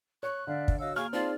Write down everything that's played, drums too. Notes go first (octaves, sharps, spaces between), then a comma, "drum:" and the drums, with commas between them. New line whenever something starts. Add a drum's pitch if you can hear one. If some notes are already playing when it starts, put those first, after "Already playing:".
C#5 C#6 F#6
D3 D5 E5 F5
drum: kick
F#4 C#5 D#5 F5 E6
A#3 G#4 F5 C#6 F6 G#6
C4 D#4 F4 G#4 D5 A5 C6